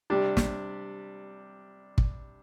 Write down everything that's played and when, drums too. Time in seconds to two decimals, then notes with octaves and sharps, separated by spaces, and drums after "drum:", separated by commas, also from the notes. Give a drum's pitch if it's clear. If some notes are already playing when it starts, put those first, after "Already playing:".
0.10 C3 G3 D4 G4
0.37 drum: snare
1.98 drum: kick